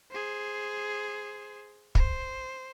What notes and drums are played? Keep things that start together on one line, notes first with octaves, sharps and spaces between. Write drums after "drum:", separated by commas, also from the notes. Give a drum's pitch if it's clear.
G#4 C5
C5, drum: kick